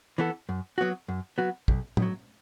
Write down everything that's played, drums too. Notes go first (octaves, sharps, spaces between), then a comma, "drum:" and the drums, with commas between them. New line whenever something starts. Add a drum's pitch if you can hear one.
E3 B3 A4
F#2
F#3 B3 F#4
F#2
F#3 B3 F#4
B1, drum: kick
A2, drum: tom
F#3